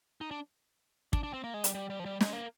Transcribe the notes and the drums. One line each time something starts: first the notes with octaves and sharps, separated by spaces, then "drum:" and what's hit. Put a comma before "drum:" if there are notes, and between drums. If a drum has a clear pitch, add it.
D#4
D4
D4, drum: kick
D4
C4
A#3
G#3
G3, drum: hi-hat
G3
G3
F3
G3
G#3, drum: snare
A#3